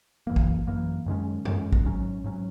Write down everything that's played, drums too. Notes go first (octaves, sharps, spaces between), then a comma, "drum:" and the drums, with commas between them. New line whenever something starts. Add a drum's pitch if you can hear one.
F#2 E3 A#3
drum: kick
F#2 E3 A#3
F#2 D#3 G#3 C#4
F#2 D#3 G#3 C#4, drum: tom G2
drum: kick
G#2 F#3 C#4
G#2 F#3 C#4